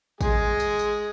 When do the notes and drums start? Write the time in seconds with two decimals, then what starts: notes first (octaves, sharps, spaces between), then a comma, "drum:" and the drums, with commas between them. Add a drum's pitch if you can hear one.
0.21 G#3 G#4, drum: kick, tambourine
0.60 drum: tambourine
0.79 drum: tambourine